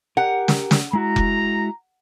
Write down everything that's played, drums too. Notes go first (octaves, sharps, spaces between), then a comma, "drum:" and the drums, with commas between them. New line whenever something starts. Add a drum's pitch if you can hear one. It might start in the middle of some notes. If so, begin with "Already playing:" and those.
G4 A#4 F#5
drum: snare
drum: snare
G#3 E4 F#4 A#5
drum: kick F1